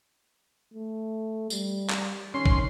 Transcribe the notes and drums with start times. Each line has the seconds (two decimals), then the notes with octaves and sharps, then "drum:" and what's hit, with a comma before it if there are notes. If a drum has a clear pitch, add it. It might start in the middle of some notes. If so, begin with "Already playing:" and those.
0.74 A3
1.50 G3, drum: tambourine
1.90 drum: clap
2.34 D#3 C#4 C6
2.46 drum: kick